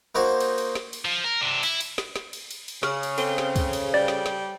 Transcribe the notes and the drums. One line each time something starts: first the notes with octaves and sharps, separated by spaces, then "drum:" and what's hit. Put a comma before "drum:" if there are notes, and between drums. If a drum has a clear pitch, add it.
A#3 D#4 F#4 C5
drum: cymbal
drum: cymbal
drum: snare
drum: cymbal
F3
A#4
C3 D4
E4, drum: cymbal
drum: cymbal
drum: snare
drum: snare
drum: cymbal
drum: cymbal
drum: cymbal
C#3 C#6 F6, drum: snare
drum: cymbal
C4 A4 C5 G7, drum: cymbal
drum: snare
drum: kick, cymbal
drum: cymbal
G3 D5
drum: snare
drum: snare